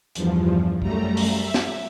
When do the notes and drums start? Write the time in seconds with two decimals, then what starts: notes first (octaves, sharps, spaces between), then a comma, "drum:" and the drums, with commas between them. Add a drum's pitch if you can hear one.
0.15 E2 G2 F3, drum: hi-hat
0.82 F#2 G3 A3 A#5, drum: kick
1.17 drum: open hi-hat
1.26 E5
1.54 drum: snare